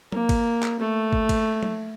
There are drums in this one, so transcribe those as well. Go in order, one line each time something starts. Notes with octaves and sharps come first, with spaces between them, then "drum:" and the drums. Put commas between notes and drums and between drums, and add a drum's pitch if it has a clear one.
A#3, drum: tom F#3
drum: kick, cymbal
drum: clap
A3
drum: kick
drum: kick, cymbal
drum: tom F#3